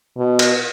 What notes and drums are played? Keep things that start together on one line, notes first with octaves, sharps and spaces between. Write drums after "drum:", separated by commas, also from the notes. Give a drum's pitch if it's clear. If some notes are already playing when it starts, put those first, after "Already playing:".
B2
drum: cymbal